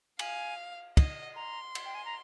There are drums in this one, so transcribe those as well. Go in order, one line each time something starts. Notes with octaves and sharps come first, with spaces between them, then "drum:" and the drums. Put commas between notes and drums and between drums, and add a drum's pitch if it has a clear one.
F5 G#5, drum: cymbal
D#5, drum: kick, cymbal
A#5 C6
drum: cymbal
G5
G#5
A#5